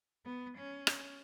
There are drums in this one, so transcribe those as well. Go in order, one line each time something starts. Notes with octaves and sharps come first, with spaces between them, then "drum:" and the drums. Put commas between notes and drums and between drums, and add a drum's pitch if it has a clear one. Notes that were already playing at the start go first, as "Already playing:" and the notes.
B3
C#4
drum: rim click